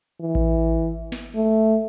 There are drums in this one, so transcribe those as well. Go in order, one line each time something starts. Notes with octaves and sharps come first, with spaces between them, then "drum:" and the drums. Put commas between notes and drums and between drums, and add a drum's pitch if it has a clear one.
E3
drum: kick A1
drum: snare
A3